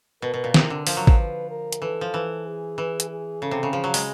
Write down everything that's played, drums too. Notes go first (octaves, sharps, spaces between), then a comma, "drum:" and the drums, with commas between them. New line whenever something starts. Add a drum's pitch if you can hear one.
B2 A#4
B2
A#2
C3 A#4, drum: snare
D3
F3 A#4, drum: open hi-hat
F#3
F3, drum: kick
B4
A#4
drum: hi-hat
E3 A4
F3
E3
G#4
E3
drum: hi-hat
G#4
C#3 A4
C3
C#3
F3 G#4
F#3
G#3, drum: open hi-hat